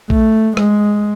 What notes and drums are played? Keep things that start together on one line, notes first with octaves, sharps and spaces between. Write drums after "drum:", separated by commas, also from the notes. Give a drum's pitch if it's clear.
A3, drum: kick
G#3, drum: rim click